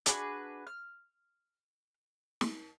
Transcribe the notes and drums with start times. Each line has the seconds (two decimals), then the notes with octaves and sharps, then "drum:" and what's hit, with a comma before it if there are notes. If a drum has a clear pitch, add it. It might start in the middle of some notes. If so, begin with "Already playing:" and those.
0.06 D4 F#4 G#4 B4, drum: hi-hat
0.67 F6
2.41 drum: snare